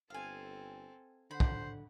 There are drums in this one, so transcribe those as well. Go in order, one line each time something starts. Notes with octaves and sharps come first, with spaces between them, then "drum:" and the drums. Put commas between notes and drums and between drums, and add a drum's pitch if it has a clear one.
G1 C4 A4 F5 G#5
D3 C5 F#5 B5
drum: kick